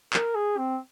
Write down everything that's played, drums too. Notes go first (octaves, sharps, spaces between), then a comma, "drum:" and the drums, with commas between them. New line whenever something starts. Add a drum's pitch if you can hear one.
A#4, drum: clap
G#4
C4